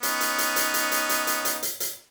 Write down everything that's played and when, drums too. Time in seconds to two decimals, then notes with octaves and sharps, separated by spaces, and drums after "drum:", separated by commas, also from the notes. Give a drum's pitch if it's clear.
0.03 B3 C#4 D#4, drum: hi-hat
0.21 drum: hi-hat
0.38 drum: hi-hat
0.56 drum: hi-hat
0.74 drum: hi-hat
0.92 drum: hi-hat
1.09 drum: hi-hat
1.27 drum: hi-hat
1.45 drum: hi-hat
1.63 drum: hi-hat
1.80 drum: hi-hat